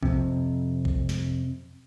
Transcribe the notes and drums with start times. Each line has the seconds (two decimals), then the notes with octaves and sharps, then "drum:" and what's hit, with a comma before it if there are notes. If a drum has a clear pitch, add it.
0.03 F2 C3, drum: kick A1
0.85 drum: kick A1
1.09 drum: snare